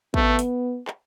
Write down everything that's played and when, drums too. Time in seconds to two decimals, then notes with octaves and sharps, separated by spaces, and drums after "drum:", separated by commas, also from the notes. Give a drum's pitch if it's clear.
0.14 A3 B3, drum: kick
0.39 drum: hi-hat
0.87 drum: clap